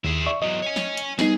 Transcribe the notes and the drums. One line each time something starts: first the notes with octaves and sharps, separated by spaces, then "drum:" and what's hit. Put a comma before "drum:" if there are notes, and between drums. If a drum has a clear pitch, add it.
D#2 E4 G#4
D5 E5 C#6
E2 F#3 D#5
C#5 G#5
drum: snare
drum: hi-hat
G3 B3 D#4 G#4, drum: snare